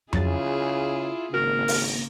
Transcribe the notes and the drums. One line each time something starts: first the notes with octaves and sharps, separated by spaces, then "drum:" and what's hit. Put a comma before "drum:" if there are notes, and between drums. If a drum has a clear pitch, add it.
C#3 F3 F#3 E4 F4 G#4 A6, drum: tom F2
G#1 C#3 A#3 F#4 A#4
drum: open hi-hat